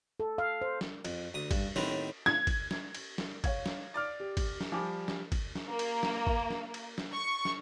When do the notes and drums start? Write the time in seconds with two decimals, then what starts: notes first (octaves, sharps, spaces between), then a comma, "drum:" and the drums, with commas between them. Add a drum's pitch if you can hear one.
0.20 A4
0.38 F5
0.62 C5
0.81 drum: snare
1.05 F2, drum: cymbal
1.34 D2 D#6
1.51 G2, drum: kick, cymbal
1.76 D#2 A2 D#3 B3 C4 D#4, drum: snare
2.26 G#6, drum: snare
2.47 drum: kick, cymbal
2.71 drum: snare
2.94 drum: cymbal
3.18 drum: snare
3.44 C#5 F5 G#6, drum: kick, cymbal
3.66 drum: snare
3.94 D5 D6 F6
4.20 G4
4.37 drum: kick, cymbal
4.61 drum: snare
4.72 F3 G3 G#5 D6
5.08 drum: snare
5.32 drum: kick, cymbal
5.55 drum: snare
5.68 A#3
5.79 drum: cymbal
6.03 drum: snare
6.27 drum: kick
6.50 drum: snare
6.74 drum: cymbal
6.98 drum: snare
7.14 C#6
7.45 drum: snare